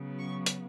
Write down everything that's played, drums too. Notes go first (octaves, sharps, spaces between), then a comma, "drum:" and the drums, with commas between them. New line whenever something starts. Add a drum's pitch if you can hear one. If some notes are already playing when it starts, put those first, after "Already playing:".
Already playing: C#3 F#3 B3
C#6
drum: hi-hat